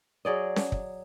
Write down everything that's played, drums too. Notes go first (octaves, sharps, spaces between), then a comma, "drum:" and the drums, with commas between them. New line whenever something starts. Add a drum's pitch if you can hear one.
F#3 G#4 D5 D#5
drum: snare C#4
drum: kick